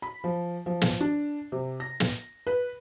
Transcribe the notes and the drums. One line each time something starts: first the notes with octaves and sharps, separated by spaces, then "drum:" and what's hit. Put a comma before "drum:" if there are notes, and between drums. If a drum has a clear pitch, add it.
B5
F3
F3
drum: snare
D4
C3
A#6
drum: snare
B4